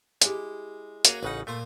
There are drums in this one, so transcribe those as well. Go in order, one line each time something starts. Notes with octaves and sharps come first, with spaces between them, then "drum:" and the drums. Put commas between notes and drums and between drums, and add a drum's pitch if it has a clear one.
G#3 E4 G4, drum: hi-hat
A#3 F#4 G#4 C#5 A#5, drum: hi-hat
A1 C#3 D#4 B4 F#5
A#2 A3 F4 C5